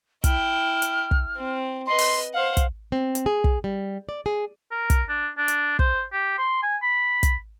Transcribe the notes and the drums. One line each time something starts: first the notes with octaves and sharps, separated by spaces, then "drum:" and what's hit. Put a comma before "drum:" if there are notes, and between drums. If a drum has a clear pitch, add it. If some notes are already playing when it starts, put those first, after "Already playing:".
E4 G5 F6, drum: kick, hi-hat
drum: hi-hat
drum: kick
C4
B4 D#5 C6
drum: open hi-hat
C5 F5 F#5
drum: kick, hi-hat
C4
drum: hi-hat
G#4
drum: kick
G3
D5
G#4
A#4
drum: kick, hi-hat
D4
D4
drum: hi-hat
C5, drum: kick
G4
C6
G#5
B5
drum: kick, hi-hat